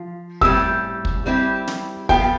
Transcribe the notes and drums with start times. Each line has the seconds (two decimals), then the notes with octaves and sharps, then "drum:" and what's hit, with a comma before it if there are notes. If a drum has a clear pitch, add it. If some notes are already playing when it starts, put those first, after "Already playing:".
Already playing: F3 F4
0.41 A2 G3 C4 G4 E6, drum: kick
1.05 drum: kick
1.26 G3 C4 E4 G4
1.67 drum: snare
2.09 F3 B3 F4 A4 G5, drum: kick